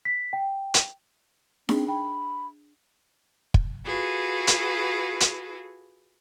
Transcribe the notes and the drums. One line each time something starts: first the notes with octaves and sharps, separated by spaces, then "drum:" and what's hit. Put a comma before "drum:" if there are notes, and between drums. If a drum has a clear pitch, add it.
B6
G5
drum: hi-hat
C4 D4 G#4, drum: snare D#4
G5 B5
drum: kick
F4 F#4 G#4 A4 B4
drum: hi-hat
drum: hi-hat